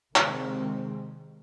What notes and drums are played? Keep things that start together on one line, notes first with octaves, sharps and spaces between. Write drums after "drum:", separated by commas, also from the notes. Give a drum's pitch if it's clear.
C3 D#3 G#3 C4, drum: clap